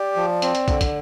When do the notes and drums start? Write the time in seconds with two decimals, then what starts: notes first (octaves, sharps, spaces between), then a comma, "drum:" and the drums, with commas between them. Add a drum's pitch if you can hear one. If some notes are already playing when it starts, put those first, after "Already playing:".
Already playing: G4 D5
0.16 F3
0.42 C4, drum: hi-hat
0.55 drum: hi-hat
0.68 D3, drum: kick, hi-hat
0.81 drum: kick, hi-hat